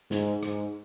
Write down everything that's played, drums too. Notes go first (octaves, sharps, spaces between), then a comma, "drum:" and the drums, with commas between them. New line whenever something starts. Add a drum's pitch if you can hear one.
G#2, drum: snare
G#2, drum: rim click